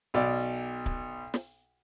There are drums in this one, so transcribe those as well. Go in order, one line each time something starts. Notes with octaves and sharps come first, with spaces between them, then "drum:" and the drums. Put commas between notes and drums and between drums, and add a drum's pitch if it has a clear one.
B1 B2 D5
drum: kick
drum: snare